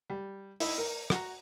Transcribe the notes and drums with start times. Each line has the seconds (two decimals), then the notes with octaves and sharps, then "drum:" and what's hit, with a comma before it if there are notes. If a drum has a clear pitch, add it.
0.10 G3
0.60 D#4 E4, drum: open hi-hat
0.78 A#4
1.10 F#4 F#5 A#5, drum: rim click